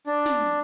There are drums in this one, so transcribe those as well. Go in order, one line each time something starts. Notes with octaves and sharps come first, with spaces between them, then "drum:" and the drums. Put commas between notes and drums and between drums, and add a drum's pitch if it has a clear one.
D4
drum: snare